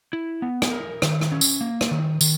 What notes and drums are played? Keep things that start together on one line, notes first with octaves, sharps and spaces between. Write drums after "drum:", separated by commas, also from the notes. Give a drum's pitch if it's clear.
E4
B3
drum: rim click
A#4
D#3, drum: rim click
drum: rim click
C#4
drum: tambourine
A#3
drum: rim click
D#3
D#3, drum: tambourine